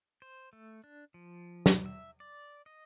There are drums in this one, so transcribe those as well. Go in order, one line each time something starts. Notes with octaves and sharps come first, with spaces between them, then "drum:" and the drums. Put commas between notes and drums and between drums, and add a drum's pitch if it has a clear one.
C5
A3
D4
F3
drum: snare
E5
D5
D#5